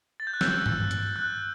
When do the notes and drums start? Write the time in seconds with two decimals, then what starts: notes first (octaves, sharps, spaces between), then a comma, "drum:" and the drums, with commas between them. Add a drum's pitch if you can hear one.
0.20 A6
0.27 G6
0.34 F#6
0.41 E6, drum: snare
0.66 drum: tom G2
0.91 drum: hi-hat
1.16 F#6